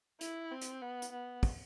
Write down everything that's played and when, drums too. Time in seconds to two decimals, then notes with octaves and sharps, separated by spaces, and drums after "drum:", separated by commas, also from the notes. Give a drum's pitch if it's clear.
0.21 E4, drum: hi-hat
0.51 C4
0.61 drum: hi-hat
0.82 B3
1.02 drum: hi-hat
1.12 B3
1.43 drum: kick, open hi-hat